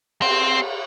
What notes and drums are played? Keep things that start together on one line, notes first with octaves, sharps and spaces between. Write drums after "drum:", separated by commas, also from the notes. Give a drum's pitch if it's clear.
C4, drum: cymbal